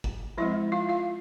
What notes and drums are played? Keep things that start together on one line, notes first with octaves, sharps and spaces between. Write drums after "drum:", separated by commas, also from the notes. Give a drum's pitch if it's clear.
drum: kick
F3 G#3 C4 E4 E5
F4 F5
F4 F5